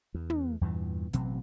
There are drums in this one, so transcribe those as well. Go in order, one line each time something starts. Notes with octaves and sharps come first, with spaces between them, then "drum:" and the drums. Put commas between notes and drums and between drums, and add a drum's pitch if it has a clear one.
E2
drum: tom
E2 G2 A#2 E3
A1 B2 F#3 C4, drum: hi-hat